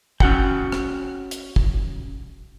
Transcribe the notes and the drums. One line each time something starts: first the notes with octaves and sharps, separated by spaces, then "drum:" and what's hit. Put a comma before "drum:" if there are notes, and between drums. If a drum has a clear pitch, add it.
C#4 F#4 F#5 G5, drum: kick
drum: rim click
drum: hi-hat
drum: kick